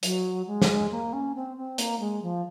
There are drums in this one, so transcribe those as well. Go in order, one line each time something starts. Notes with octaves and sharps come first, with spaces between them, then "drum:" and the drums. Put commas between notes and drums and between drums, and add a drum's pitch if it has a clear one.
F#3, drum: hi-hat
G#3
drum: snare
A#3
C#4
C4
C4
A#3, drum: hi-hat
G#3
F3